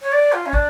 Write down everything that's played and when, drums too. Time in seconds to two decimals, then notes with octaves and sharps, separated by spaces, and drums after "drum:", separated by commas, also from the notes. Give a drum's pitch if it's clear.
0.02 C#5
0.12 D5
0.33 F4
0.46 C#4
0.53 D4, drum: kick